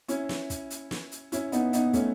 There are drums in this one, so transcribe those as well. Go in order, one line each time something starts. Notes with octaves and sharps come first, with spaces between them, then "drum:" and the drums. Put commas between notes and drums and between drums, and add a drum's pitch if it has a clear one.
C#4 E4, drum: hi-hat
drum: snare
drum: kick, hi-hat
drum: hi-hat
drum: snare
drum: hi-hat
C#4 E4, drum: hi-hat
B3 D#4, drum: hi-hat
B3 D#4, drum: hi-hat
A3 C#4, drum: kick, hi-hat